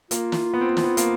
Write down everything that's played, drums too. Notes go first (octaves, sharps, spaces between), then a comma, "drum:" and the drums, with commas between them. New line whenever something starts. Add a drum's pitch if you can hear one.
A#3 F4, drum: hi-hat
drum: snare
B3
C4
B3
C4, drum: snare
B3
A#3, drum: hi-hat